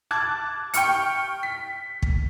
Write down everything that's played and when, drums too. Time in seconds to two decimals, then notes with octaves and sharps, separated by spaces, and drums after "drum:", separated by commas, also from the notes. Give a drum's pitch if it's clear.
0.11 A5 D6 F#6 G#6
0.74 G5 C#6 F6 C#7, drum: hi-hat
1.43 B6
2.02 drum: kick